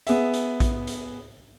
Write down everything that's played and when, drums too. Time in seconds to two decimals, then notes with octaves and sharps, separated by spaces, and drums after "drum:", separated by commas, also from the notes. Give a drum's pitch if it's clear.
0.07 B3 G#4 E5, drum: hi-hat
0.33 drum: hi-hat
0.60 drum: kick A#1, hi-hat
0.87 drum: hi-hat